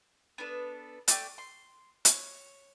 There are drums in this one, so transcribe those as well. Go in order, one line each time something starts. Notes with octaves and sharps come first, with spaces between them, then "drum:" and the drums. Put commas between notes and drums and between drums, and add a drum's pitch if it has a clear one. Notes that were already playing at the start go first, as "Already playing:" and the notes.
B3 D4 A4 B4
A3 D5 G5, drum: hi-hat
C6
C#5, drum: hi-hat